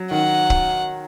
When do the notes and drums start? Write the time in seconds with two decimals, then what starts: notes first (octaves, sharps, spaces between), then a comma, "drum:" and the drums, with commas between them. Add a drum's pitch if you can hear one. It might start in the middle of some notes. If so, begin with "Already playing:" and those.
Already playing: F#3
0.11 D#3 F#5
0.50 drum: kick